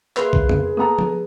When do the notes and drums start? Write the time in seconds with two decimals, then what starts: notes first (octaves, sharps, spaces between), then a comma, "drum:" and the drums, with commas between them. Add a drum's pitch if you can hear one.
0.17 A#3 G#4 B4 E5 C6, drum: clap
0.33 drum: kick B1
0.49 drum: tom
0.77 A#3 B3 A4 A#5 D#6
0.99 drum: tom F3